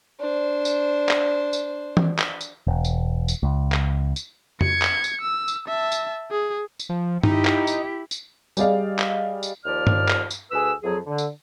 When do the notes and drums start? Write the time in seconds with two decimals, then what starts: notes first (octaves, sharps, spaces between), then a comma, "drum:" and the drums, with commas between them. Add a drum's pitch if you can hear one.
0.20 D4 C5
0.65 drum: tambourine
1.09 drum: clap
1.53 drum: tambourine
1.97 drum: tom E3
2.19 drum: clap
2.41 drum: tambourine
2.67 E1
2.85 drum: tambourine
3.28 drum: tambourine
3.43 C#2
3.72 drum: clap
4.16 drum: tambourine
4.61 G#6 C#7, drum: tom F2
4.82 drum: clap
5.04 drum: tambourine
5.21 E6
5.48 drum: tambourine
5.68 E5 A5
5.92 drum: tambourine
6.31 G#4
6.79 drum: tambourine
6.89 F3
7.23 D#4 E4 G4, drum: tom G2
7.45 drum: clap
7.67 drum: tambourine
8.11 drum: tambourine
8.57 G3 G4 G#4 D5 D#5 F5, drum: tambourine
8.99 drum: clap
9.43 drum: tambourine
9.65 D#2 F3 D5 F6
9.87 drum: tom G2
10.09 drum: clap
10.31 drum: tambourine
10.51 D2 G#4 B4 E6
10.83 F2 F#3 G#4
11.06 D3
11.18 drum: tambourine